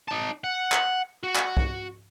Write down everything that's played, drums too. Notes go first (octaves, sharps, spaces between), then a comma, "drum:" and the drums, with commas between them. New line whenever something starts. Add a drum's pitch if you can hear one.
D#4 A5
F#5
drum: clap
F#4
drum: clap
drum: kick